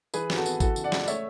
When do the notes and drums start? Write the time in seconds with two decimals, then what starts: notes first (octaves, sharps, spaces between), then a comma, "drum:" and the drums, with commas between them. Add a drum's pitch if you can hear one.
0.14 E3 G#4 B4, drum: tambourine
0.30 G#1, drum: snare
0.37 F#4 A4
0.46 B3, drum: tambourine
0.60 E3 F#4 A4, drum: kick G#1, tambourine
0.76 F#1, drum: tambourine
0.84 D5 F#5
0.92 G#3, drum: snare
1.04 D5
1.08 A3 C#5 E5, drum: tambourine